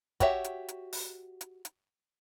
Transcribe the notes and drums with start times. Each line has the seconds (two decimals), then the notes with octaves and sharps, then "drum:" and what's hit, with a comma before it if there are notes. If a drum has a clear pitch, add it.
0.20 F#4 G4 C#5 E5, drum: kick, hi-hat
0.44 drum: hi-hat
0.68 drum: hi-hat
0.93 drum: open hi-hat
1.41 drum: hi-hat
1.65 drum: hi-hat